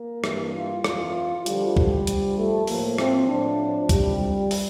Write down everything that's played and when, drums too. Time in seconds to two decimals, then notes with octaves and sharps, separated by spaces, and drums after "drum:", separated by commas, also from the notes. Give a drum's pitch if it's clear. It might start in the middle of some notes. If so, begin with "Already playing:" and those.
Already playing: A#3
0.24 G2 E3, drum: rim click
0.54 F4
0.84 F2 E3 F4, drum: rim click
1.46 D2 D3 F3 G3, drum: hi-hat
1.77 drum: kick
2.07 G2 F3, drum: hi-hat
2.38 A3
2.67 A2 F3 A#3, drum: open hi-hat
2.98 C4, drum: rim click
3.29 A2 F3 D4
3.89 D2 C3 F3 G3, drum: kick, hi-hat
4.51 drum: open hi-hat